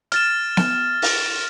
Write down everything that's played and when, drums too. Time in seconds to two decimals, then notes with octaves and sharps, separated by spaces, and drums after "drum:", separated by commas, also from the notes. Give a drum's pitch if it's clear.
0.12 F6 A6 E7, drum: hi-hat
0.57 drum: snare B3
1.02 drum: open hi-hat